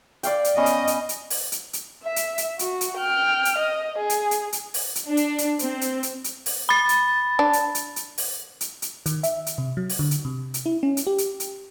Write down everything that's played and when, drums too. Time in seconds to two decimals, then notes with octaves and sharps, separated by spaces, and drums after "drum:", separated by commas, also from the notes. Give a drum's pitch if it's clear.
0.23 D5 F5 G5, drum: hi-hat
0.44 drum: hi-hat
0.57 B3 C#4 D#5
0.66 drum: hi-hat
0.87 drum: hi-hat
1.09 drum: hi-hat
1.30 drum: open hi-hat
1.52 drum: hi-hat
1.73 drum: hi-hat
2.03 E5
2.16 drum: hi-hat
2.38 drum: hi-hat
2.59 F#4, drum: hi-hat
2.81 drum: hi-hat
2.97 G5 F6
3.45 drum: hi-hat
3.59 D#5
3.98 G#4
4.10 drum: hi-hat
4.31 drum: hi-hat
4.53 drum: hi-hat
4.74 drum: open hi-hat
4.95 drum: hi-hat
5.08 D4
5.17 drum: hi-hat
5.38 drum: hi-hat
5.59 C4, drum: hi-hat
5.81 drum: hi-hat
6.03 drum: hi-hat
6.24 drum: hi-hat
6.46 drum: open hi-hat
6.69 B5 A6
6.89 drum: hi-hat
7.39 D4
7.53 drum: hi-hat
7.75 drum: hi-hat
7.96 drum: hi-hat
8.18 drum: open hi-hat
8.61 drum: hi-hat
8.82 drum: hi-hat
9.06 D#3, drum: hi-hat
9.23 E5, drum: hi-hat
9.46 drum: hi-hat
9.58 C3
9.77 F#3
9.89 drum: open hi-hat
9.99 D3
10.11 drum: hi-hat
10.25 C3
10.54 drum: hi-hat
10.66 E4
10.83 C#4
10.97 drum: hi-hat
11.07 G4
11.18 drum: hi-hat
11.40 drum: hi-hat